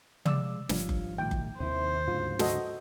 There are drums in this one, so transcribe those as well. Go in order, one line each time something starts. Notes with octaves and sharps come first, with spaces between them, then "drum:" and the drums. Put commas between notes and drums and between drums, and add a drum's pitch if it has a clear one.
F3 G#3 D5 E6, drum: tom
G#1 F3 G3 D4 F4 C#5, drum: snare
drum: kick F#1
B1 A2 D#3 G5
drum: kick F#1
D#2 C3 D#3 E4 C5
D2 G#2 C#3 F#3 F4
F#4 A4 D#5, drum: snare